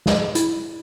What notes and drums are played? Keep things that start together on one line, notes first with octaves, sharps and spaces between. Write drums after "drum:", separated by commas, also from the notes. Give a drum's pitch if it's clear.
drum: snare
E4, drum: hi-hat